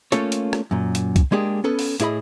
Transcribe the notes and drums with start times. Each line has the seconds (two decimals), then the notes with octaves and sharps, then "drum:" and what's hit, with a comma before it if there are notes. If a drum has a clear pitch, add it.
0.12 A3 A#3 C#4 F4 A4 C#5, drum: hi-hat
0.32 drum: hi-hat
0.53 drum: rim click
0.71 F#2 A#2
0.95 drum: hi-hat
1.16 drum: kick C2, hi-hat
1.32 G#3 A#3 D4 G4 G#4
1.64 B3 C#4 A4 B4
1.79 drum: open hi-hat
2.00 A2 E4 G#4 D#5 B5, drum: hi-hat